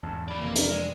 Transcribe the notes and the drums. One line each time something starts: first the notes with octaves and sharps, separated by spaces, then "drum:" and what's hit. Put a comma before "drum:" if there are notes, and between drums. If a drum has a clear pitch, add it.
E2 G#2 A5
F3 D5 B5
F2 C3 E3 A#3
A#4 D5, drum: hi-hat
G#3